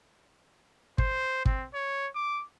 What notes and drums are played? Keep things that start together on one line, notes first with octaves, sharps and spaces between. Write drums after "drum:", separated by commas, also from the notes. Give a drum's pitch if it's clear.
C5, drum: kick
C4, drum: kick
C#5
D6